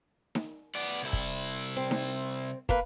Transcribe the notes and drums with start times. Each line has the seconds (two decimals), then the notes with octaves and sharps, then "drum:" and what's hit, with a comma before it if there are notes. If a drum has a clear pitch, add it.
0.35 drum: snare D#4
0.75 B3 D5
1.03 C2 E4
1.13 drum: kick
1.77 C4
1.91 drum: snare D#4
2.69 A#3 B4, drum: kick